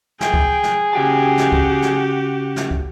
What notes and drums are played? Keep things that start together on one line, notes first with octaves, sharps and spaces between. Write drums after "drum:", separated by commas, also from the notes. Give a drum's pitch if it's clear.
G#4 G5, drum: snare
drum: kick
drum: snare
C#3 F#4 G4 G5 A5
drum: snare
drum: kick
drum: snare
drum: snare
drum: kick